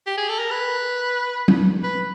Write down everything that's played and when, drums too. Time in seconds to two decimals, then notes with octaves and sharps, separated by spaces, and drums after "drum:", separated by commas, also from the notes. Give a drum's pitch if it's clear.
0.07 G4
0.17 G#4
0.29 A4
0.39 A#4
0.51 B4
1.48 drum: tom F#3
1.83 B4